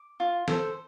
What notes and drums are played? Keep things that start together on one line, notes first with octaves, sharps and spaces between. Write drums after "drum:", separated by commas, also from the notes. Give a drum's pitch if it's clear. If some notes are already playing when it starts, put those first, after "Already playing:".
Already playing: D6
F4
A4 C5, drum: snare